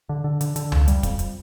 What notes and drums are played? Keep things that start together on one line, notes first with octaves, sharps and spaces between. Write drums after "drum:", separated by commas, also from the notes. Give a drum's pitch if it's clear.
D3
D3
D3, drum: hi-hat
D3, drum: hi-hat
F2, drum: tom C#2
G3, drum: hi-hat
F2, drum: kick, hi-hat
drum: hi-hat